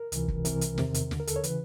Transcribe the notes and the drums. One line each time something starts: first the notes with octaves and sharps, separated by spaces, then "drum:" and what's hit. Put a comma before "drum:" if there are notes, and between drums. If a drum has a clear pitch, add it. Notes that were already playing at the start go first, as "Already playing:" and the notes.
Already playing: A#4
C#2 C3 E3, drum: hi-hat
drum: kick
C2 C3 E3 A#4, drum: hi-hat
drum: hi-hat
E2 C3 D#3, drum: snare
drum: hi-hat
D#2 D3, drum: snare
A#4
A4, drum: hi-hat
C#5
C#3 E3 B4, drum: hi-hat